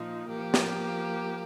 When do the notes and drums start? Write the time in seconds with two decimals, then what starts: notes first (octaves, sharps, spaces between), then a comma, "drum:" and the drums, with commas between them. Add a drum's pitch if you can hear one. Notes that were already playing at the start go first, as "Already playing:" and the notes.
Already playing: A#2 F3 D#4
0.28 F3 A#3 G4
0.54 drum: snare